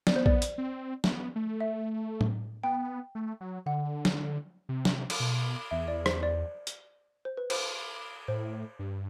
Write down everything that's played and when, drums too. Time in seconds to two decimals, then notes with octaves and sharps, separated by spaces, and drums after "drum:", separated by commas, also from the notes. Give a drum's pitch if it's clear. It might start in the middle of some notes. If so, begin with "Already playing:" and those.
0.07 B3 D5, drum: snare
0.16 C5
0.26 D5, drum: kick
0.42 drum: hi-hat
0.58 C4
1.04 A3, drum: snare
1.10 B3
1.36 A3
1.61 E5
2.21 drum: tom A2
2.64 B3 G5
3.15 A3
3.41 F#3
3.66 D3 F#5
4.05 drum: snare
4.69 C3
4.85 drum: snare
5.10 drum: cymbal
5.20 B2
5.71 E2 E5
5.88 D5
6.06 C5, drum: rim click
6.23 D5
6.67 drum: hi-hat
7.25 C5
7.37 B4
7.50 C5, drum: cymbal
8.28 A2 C5
8.79 G2